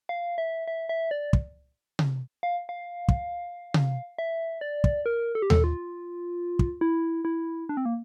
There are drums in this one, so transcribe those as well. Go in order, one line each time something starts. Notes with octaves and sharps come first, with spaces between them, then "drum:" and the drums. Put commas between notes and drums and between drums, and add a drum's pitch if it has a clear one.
F5
E5
E5
E5
D5
drum: kick
drum: tom C3
F5
F5
drum: kick
drum: tom C3
E5
D5
drum: kick
A#4
A4
G4
A4, drum: tom D#2
F4
drum: kick
E4
E4
D4
C4
A#3